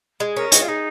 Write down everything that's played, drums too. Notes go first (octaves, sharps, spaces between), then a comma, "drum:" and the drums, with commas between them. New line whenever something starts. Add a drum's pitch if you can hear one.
G#3
C#4 A#4
G#3 F#4, drum: hi-hat
F4
G#3 D#4